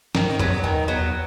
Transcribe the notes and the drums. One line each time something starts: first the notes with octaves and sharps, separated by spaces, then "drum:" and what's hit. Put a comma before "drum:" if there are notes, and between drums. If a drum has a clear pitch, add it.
G2 D#3, drum: snare
F#2 F#3 B3, drum: tom E2
E2 D#3
F2
F#3 B3
E2